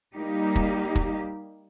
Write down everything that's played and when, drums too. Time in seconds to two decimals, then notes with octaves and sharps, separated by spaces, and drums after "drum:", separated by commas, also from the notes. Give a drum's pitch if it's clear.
0.16 G3 A#3 D#4 G4
0.56 drum: kick
0.95 drum: kick